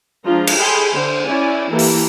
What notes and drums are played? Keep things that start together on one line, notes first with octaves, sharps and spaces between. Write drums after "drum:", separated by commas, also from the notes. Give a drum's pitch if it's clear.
F3 G#3 D4 F4 A#5
drum: cymbal
G#4 A4 G5 G#5 B5 C6
D3 C5
C#4 E4 D5 G#5
E3 A#3 E4 G4 A4
drum: open hi-hat